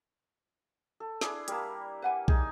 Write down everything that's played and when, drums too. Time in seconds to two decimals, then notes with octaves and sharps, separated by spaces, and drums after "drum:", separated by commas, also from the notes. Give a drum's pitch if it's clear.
1.00 A4
1.21 D4 E4 G#4, drum: snare
1.48 G3 A#3 A#4 A5, drum: hi-hat
2.02 B4 F#5 G#5
2.28 D#4 G#4 G#5, drum: kick B1